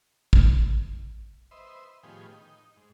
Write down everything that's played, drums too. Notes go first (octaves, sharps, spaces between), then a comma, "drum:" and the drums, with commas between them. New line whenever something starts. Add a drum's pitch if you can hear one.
drum: kick
B4 C5 D#5 E5
A2 D#3 F3 B3 G4 G#4
D#4
G#2